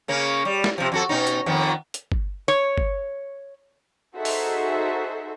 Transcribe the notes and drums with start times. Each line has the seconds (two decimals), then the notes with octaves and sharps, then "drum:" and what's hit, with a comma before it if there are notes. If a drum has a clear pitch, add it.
0.08 C#3 A#3 C#4
0.45 G3
0.64 drum: snare
0.78 C3 F3
0.92 F2 F#4 A4
1.09 B2 C#4 D#4
1.27 drum: hi-hat
1.46 F2 D#3 B3
1.94 drum: hi-hat
2.12 drum: kick G1
2.48 C#5
2.78 drum: kick G1
4.15 D#4 F#4 G#4 A4 C5 E5
4.25 drum: open hi-hat